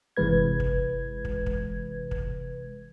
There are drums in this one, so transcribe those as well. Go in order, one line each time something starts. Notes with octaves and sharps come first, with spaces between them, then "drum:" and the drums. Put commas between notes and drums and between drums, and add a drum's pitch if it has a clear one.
G1 C3 E3 G#3 B4 G#6
drum: kick
drum: kick
drum: kick
drum: kick